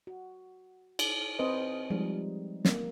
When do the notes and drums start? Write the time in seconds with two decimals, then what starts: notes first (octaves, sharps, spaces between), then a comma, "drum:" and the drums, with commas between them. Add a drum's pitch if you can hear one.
0.07 F#4
0.99 drum: cymbal
1.39 C4 B4 C5 D#5
1.90 F3 G3 G#3 D#4
2.65 A#3, drum: snare